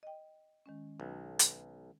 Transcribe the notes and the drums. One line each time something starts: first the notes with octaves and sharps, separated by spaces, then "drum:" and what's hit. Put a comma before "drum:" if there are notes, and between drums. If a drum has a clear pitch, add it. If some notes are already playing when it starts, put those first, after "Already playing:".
D#5 G5
D#3 G#3 C#4
B1
drum: hi-hat